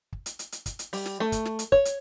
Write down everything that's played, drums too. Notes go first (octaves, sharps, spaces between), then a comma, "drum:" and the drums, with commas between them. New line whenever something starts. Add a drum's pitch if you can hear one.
drum: kick
drum: hi-hat
drum: hi-hat
drum: hi-hat
drum: kick, hi-hat
drum: hi-hat
G3, drum: open hi-hat
drum: snare
A3
drum: kick, hi-hat
drum: snare
drum: hi-hat
C#5, drum: kick
drum: hi-hat